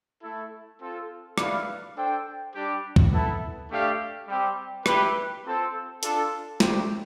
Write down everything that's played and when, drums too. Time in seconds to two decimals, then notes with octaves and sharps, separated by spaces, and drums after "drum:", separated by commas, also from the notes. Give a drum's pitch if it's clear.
0.22 A3 E4 A4
0.80 C4 F4 A4
1.38 E4 B4 D5 F5, drum: rim click
1.96 D4 A4 C5 G5
2.54 G3 D4 G4
2.96 drum: kick
3.12 B3 E4 A4
3.70 A3 D4 G4 D5 F5
4.28 G3 C4 G4
4.86 E4 G4 B4, drum: rim click
5.44 C4 F4 A4 C5
6.03 D4 F4 A4, drum: hi-hat
6.60 A3 D4 G4 C5 G5, drum: snare